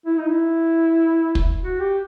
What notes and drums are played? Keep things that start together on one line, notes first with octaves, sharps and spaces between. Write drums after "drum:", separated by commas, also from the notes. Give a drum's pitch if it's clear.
E4
D#4
E4
drum: kick
F#4
G4